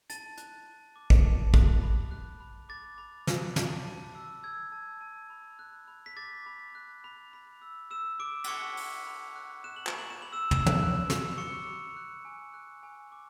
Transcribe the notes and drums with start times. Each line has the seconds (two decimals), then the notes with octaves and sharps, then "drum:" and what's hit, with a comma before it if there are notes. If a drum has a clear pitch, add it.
0.10 A5 A6, drum: hi-hat
0.38 F#6, drum: hi-hat
0.66 A5
0.96 D6
1.10 drum: kick
1.25 A5
1.54 F#6, drum: kick
1.82 B5
2.11 F#6
2.40 B5
2.69 D6 A6
2.98 B5
3.27 F#6, drum: snare
3.56 A5, drum: snare
3.86 A5
4.15 E6
4.43 E6 G#6
4.72 A5
5.01 A5
5.30 B5
5.59 F#6
5.88 B5
6.06 B6
6.16 D6 A6
6.46 B5
6.75 F#6
7.04 B5
7.33 B5
7.62 E6
7.91 E6 E7
8.20 B5 D6 D7
8.44 B6, drum: cymbal
8.48 B5 C#6 C#7
8.77 B5, drum: open hi-hat
9.06 B5
9.36 F#6
9.64 F#6 E7
9.76 F#7
9.87 E7, drum: clap
9.94 B5 F#7
10.10 E7
10.22 B5 F#7
10.32 E6 E7
10.51 B5 E6 E7, drum: tom
10.66 drum: tom
10.81 F#6
11.10 B5, drum: snare
11.38 C#6 D6 C#7
11.67 B5
11.97 F#6
12.25 G#5
12.54 F#6
12.83 G#5
13.12 D6